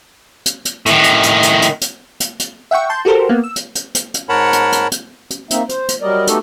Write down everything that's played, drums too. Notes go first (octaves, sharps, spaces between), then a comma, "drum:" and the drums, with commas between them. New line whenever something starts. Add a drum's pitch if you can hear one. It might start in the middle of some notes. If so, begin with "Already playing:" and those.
drum: hi-hat
drum: hi-hat
A2 D#3, drum: hi-hat
drum: hi-hat
drum: hi-hat
drum: hi-hat
drum: hi-hat
drum: hi-hat
drum: hi-hat
drum: hi-hat
E5 F#5 G5 C#6
A5 C6 G6
F#4 G4 A4 A#4 C5
A#3 B3
E6
drum: hi-hat
drum: hi-hat
drum: hi-hat
drum: hi-hat
G#2 A#4 C#5 F#5 A5 B5
drum: hi-hat
drum: hi-hat
drum: hi-hat
drum: hi-hat
A#3 C4 D#4 E5, drum: hi-hat
C5, drum: hi-hat
drum: hi-hat
F#3 G3 A#4 D5 D#5
A3 B3 D#4 F#4 G4 A4, drum: hi-hat